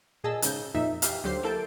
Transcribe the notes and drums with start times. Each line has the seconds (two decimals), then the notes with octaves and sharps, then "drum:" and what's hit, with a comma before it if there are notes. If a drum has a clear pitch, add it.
0.24 A#2 G#4 D#5 A5 E6
0.42 G#2 C#3 G6, drum: hi-hat
0.74 F2 A#2 D#4 E5
1.02 E3 G4 E5 F5, drum: hi-hat
1.24 D2 D3 F#3 G4 C5 C7
1.43 A#3 E4 A4 A5 G6 D7